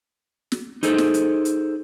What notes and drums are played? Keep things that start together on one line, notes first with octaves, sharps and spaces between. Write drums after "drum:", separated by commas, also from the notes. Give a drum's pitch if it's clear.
drum: snare
D#4 G#4 A4 C5, drum: hi-hat
drum: snare
drum: hi-hat
drum: hi-hat